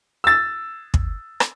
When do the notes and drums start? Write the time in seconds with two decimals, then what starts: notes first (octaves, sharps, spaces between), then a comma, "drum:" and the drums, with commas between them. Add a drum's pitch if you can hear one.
0.24 E6 A6
0.94 drum: kick
1.40 drum: rim click